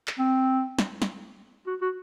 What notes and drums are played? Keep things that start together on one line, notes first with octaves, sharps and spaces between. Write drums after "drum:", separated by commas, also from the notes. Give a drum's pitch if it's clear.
drum: clap
C4
drum: snare
drum: snare
F#4
F#4